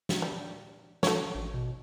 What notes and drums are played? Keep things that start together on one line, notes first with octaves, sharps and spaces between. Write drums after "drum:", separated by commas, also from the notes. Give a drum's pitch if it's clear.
drum: snare
G3
A3 C#5, drum: snare
A1
B2